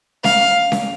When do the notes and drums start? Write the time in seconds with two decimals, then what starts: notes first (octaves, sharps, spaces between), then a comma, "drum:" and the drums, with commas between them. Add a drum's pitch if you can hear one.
0.24 F5, drum: snare C#4
0.72 drum: snare C#4